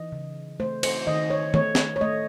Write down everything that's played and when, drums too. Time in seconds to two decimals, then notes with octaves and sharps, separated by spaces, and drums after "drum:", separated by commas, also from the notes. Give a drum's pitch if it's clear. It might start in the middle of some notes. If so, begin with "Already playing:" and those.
Already playing: E3 D#5
0.12 C#3
0.60 A3 C5
0.83 C5, drum: cymbal
1.07 D#3 D#5
1.30 C#5
1.54 A3 C#5, drum: tom
1.75 drum: snare
1.96 C#5
2.01 A3 D#5